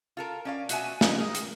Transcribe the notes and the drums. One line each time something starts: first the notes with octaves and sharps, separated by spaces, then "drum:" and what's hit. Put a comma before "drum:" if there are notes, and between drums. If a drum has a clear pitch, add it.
F4 A4 A#4
C#4 D5 F5
B2 F#4 E5 G#5, drum: hi-hat
D3 C#4 D#4 D#5, drum: snare
G#4 A#4
drum: hi-hat